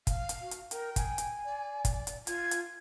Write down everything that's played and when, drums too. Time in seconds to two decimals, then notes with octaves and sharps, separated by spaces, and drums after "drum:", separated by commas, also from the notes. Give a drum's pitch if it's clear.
0.07 F5, drum: kick, hi-hat
0.29 drum: hi-hat
0.41 F#4
0.51 drum: hi-hat
0.71 A#4 G5, drum: hi-hat
0.96 G#5, drum: kick, hi-hat
1.18 drum: hi-hat
1.45 D5
1.85 drum: kick, hi-hat
2.07 drum: hi-hat
2.27 F4 G#6, drum: hi-hat
2.51 drum: hi-hat